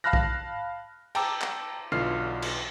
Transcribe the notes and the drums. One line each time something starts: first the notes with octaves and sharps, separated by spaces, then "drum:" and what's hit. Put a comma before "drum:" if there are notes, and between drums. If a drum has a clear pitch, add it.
F5 A5 B5 F6 F#6 A#6
drum: kick
G5 A5 A#5 D6 E6, drum: cymbal
drum: clap
B1 D3 E3 F4 F6 C7
drum: cymbal